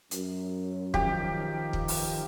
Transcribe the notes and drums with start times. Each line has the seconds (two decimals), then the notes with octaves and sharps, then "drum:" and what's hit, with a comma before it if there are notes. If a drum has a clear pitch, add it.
0.11 F#2, drum: hi-hat
0.94 D#3 F3 G4, drum: kick
1.73 drum: kick
1.88 drum: open hi-hat